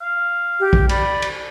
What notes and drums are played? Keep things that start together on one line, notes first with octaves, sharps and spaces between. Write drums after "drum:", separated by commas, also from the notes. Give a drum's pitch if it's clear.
F5
G4
drum: kick
D5 B5, drum: cymbal
drum: cymbal